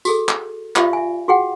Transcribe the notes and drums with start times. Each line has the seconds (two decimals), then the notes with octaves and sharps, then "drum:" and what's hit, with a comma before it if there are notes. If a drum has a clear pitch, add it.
0.05 F#4 G#4 A4, drum: tambourine
0.29 drum: clap
0.76 F4 G4 D5 E5 F5, drum: clap
0.93 E5 G#5
1.28 F#4 G#4 F#5 G5